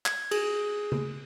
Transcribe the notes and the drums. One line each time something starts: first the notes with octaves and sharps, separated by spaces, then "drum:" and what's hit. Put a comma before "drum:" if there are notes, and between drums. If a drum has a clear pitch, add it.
G#6, drum: clap
G#4, drum: cymbal
drum: tom C#3